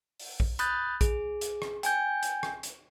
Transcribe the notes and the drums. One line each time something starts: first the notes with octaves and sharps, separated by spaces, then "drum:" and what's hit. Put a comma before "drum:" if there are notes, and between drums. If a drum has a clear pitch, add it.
drum: open hi-hat
drum: kick A#1
B5 D#6 F#6 G6 A6, drum: hi-hat
G#4, drum: kick A#1, hi-hat
drum: hi-hat
drum: rim click
G5 G#5 G6, drum: hi-hat
drum: hi-hat
drum: rim click
drum: hi-hat